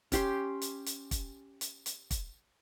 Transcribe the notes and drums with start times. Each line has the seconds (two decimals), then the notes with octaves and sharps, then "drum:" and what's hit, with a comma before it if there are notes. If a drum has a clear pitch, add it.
0.12 C#4 G4 C6, drum: kick, hi-hat
0.62 drum: hi-hat
0.86 drum: hi-hat
1.11 drum: kick, hi-hat
1.61 drum: hi-hat
1.86 drum: hi-hat
2.11 drum: kick, hi-hat